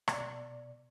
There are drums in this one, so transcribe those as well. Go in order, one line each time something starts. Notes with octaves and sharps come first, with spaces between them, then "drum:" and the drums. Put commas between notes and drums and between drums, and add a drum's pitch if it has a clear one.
B2 D5, drum: rim click